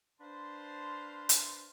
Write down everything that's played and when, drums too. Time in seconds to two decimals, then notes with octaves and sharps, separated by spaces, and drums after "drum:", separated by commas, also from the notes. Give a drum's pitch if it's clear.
0.21 D4 B4 C5 F5 A5 C6
1.29 drum: hi-hat